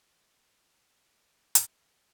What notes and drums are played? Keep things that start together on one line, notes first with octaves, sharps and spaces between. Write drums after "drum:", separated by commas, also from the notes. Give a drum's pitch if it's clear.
B3
A3
A3
drum: hi-hat
G#3